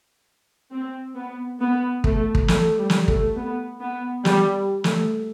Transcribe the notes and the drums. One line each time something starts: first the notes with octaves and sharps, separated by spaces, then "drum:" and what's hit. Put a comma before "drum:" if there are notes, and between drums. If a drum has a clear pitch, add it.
C4
B3
B3
A3, drum: kick
drum: kick
A3, drum: snare
G3
drum: snare
A3, drum: kick
B3
B3
G3, drum: snare
A3, drum: snare